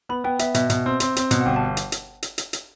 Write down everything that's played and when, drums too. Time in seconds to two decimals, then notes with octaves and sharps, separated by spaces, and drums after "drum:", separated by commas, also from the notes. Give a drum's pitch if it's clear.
0.09 B3 B5
0.24 B3 G5
0.39 B3 E5, drum: hi-hat
0.54 B2 E5, drum: hi-hat
0.70 B2, drum: hi-hat
0.86 C4
1.00 C4, drum: hi-hat
1.16 C4, drum: hi-hat
1.31 B2, drum: hi-hat
1.41 F#5
1.46 G1 G5
1.56 A5
1.77 drum: hi-hat
1.92 drum: hi-hat
2.23 drum: hi-hat
2.38 drum: hi-hat
2.53 drum: hi-hat